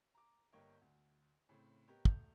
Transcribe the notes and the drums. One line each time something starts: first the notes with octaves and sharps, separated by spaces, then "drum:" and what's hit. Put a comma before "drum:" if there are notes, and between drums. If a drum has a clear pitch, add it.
A#5 D6
G1 G2 A#3 C#5 D#5 G5
D2
A2 C#3 C4
B3 G4 A#4 C#5 D#5 A#5
E1 A3 G6 F7, drum: kick